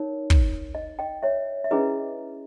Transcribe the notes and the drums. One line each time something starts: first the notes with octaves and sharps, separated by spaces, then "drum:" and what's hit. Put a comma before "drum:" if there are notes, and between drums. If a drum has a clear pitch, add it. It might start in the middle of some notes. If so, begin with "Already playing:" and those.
Already playing: D#4 A#4 C#5
drum: kick
D#5
D#5 G5
C#5 E5
E5
C#4 E4 G#4 B4 D#5